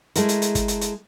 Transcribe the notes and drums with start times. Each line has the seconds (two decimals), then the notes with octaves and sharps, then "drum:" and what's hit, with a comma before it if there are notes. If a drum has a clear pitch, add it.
0.16 G#3 A3 E4 A#4, drum: hi-hat
0.29 drum: hi-hat
0.42 drum: hi-hat
0.55 drum: kick, hi-hat
0.68 drum: hi-hat
0.81 drum: hi-hat